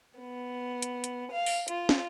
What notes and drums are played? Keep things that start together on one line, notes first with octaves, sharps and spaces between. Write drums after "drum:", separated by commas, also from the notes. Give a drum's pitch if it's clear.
B3
drum: hi-hat
drum: hi-hat
F5
drum: open hi-hat
F4, drum: hi-hat
drum: snare